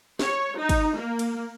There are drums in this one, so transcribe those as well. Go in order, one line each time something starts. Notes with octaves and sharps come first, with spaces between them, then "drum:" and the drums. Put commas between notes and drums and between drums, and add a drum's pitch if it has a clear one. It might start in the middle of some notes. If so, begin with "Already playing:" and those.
C#5, drum: snare
D#4
drum: kick, cymbal
A#3
drum: cymbal